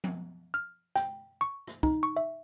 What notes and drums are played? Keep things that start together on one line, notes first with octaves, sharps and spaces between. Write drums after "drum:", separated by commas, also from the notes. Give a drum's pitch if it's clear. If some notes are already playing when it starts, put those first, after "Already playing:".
drum: tom F3
F6
G5, drum: rim click
C#6
drum: rim click
D#4, drum: kick
C#6
E5